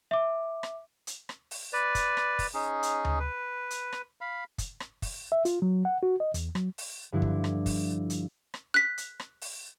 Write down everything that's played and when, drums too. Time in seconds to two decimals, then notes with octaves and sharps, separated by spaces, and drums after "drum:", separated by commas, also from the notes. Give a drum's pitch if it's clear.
0.11 E5 D6
0.63 drum: rim click
1.07 drum: hi-hat
1.29 drum: rim click
1.51 drum: open hi-hat
1.73 B4 D5
1.95 drum: kick, hi-hat
2.17 drum: rim click
2.39 drum: kick, open hi-hat
2.54 C#4 D#4 G#4
2.83 drum: hi-hat
3.05 drum: tom D2
3.19 B4
3.71 drum: hi-hat
3.92 drum: rim click
4.21 F5 B5
4.58 drum: kick, hi-hat
4.80 drum: rim click
5.02 drum: kick, open hi-hat
5.32 E5
5.45 F4, drum: hi-hat
5.62 F#3
5.85 F#5
6.03 F#4
6.20 D#5
6.34 E2, drum: hi-hat
6.55 F#3, drum: rim click
6.78 drum: open hi-hat
7.12 G2 D3 F3 D4 E4
7.22 drum: kick
7.44 drum: rim click
7.66 drum: kick, open hi-hat
8.10 drum: hi-hat
8.54 drum: rim click
8.74 F#6 B6
8.98 drum: hi-hat
9.20 drum: rim click
9.41 drum: open hi-hat